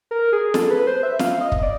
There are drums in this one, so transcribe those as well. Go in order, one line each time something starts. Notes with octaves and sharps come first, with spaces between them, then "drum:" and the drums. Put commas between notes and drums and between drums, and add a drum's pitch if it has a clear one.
A#4
G#4
A4, drum: snare
B4
C5
E5
F5, drum: snare
D#5
drum: kick
D5